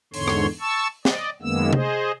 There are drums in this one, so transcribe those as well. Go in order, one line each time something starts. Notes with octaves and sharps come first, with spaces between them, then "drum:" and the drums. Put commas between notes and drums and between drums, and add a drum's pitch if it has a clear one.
E2 G#2 D3 C#5 C6, drum: open hi-hat
drum: rim click
A5 C#6 E6
D5 D#5, drum: snare
F#2 D#3 G#3 A#3 B3 E6
G#4 C5 D#5, drum: tom C3